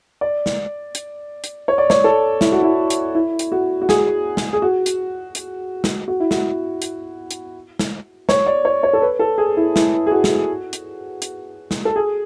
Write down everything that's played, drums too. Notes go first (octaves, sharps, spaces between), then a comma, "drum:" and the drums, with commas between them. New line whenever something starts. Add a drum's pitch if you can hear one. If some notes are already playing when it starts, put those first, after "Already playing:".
D5
drum: snare
drum: hi-hat
drum: hi-hat
C#5
D5
C#5, drum: snare
A4
E4, drum: snare
F#4
E4
drum: hi-hat
E4
drum: hi-hat
F#4
F#4
G#4, drum: snare
drum: snare
G#4
F#4
drum: hi-hat
drum: hi-hat
drum: snare
F#4
E4
F#4, drum: snare
drum: hi-hat
drum: hi-hat
drum: snare
C#5, drum: snare
D5
C#5
C#5
A4
B4
A4
G#4
E4
E4, drum: snare
G#4
F#4
drum: snare
drum: hi-hat
drum: hi-hat
drum: snare
A4
G#4